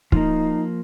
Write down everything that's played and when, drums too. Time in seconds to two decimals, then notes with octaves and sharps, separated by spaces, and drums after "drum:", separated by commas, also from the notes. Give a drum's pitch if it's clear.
0.12 F3 A#3 D#4, drum: kick